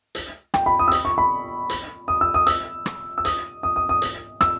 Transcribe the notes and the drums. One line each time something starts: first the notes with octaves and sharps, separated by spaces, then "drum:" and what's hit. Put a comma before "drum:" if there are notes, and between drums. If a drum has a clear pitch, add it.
drum: hi-hat
G5, drum: rim click
B5
D#6
E6
D#6, drum: hi-hat
C#6
B5
drum: hi-hat
D#6
E6
D#6
E6, drum: hi-hat
drum: rim click
E6
D#6, drum: hi-hat
D#6
D#6
D#6
drum: hi-hat
E6, drum: rim click